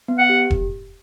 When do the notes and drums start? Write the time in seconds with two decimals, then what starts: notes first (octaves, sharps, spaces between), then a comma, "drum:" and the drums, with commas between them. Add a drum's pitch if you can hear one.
0.08 B3
0.18 F#5
0.29 G4
0.51 drum: kick E1